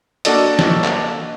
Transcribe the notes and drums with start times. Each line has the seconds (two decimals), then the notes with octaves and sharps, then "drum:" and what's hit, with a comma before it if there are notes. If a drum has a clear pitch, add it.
0.25 A#3 D4 F#4 A4 D5 D#5, drum: hi-hat
0.59 drum: snare
0.84 drum: clap